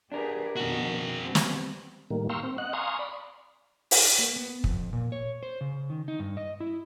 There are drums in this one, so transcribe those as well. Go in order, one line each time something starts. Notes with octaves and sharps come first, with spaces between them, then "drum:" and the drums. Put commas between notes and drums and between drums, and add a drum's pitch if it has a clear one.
D4 G4 G#4 A#4 B4
F2 B2 D#3 F#4 G#4
G3 B3 C4
drum: snare
A2 D#3 G3 A#3
F5 G5 A#5 C6 C#6 E6
C4
D#5 F#5 F#6
F5 G#5 A#5 C6 C#6 D#6
D5 B5
drum: open hi-hat
A#3
B3
F2, drum: kick
A#2
C#5
C5
C#3
D#3
D#4
G2
D#5
E4